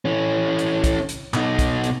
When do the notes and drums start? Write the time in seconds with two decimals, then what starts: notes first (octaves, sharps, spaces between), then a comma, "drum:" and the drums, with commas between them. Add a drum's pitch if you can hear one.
0.05 E3 C#4
0.59 drum: hi-hat
0.84 drum: kick, hi-hat
1.09 drum: hi-hat
1.34 B2 D#4, drum: clap
1.59 drum: kick, hi-hat
1.84 drum: hi-hat